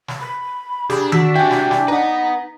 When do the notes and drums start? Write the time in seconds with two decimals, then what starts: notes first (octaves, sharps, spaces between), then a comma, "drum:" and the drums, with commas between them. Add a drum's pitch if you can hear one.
0.08 drum: snare
0.20 B5
0.90 D4 G4 G#4, drum: snare
1.12 F#4 E6 B6, drum: tom D#3
1.36 E4 G4 G5 G#5
1.51 drum: snare
1.71 drum: snare
1.88 D#4 B4 F#5 A#5